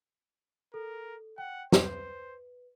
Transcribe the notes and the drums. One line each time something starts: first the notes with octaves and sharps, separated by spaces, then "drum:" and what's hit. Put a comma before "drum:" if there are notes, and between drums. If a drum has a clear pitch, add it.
A4 A#4
F#5 G5
B4 C5, drum: snare